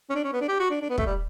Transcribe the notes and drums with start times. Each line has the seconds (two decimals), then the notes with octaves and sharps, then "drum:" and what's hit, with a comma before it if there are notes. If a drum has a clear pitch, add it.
0.10 C#4
0.15 D4
0.24 C#4
0.33 B3
0.41 D4
0.48 G4
0.60 F#4
0.70 D4
0.82 D4
0.90 B3
0.98 A3, drum: kick
1.06 G3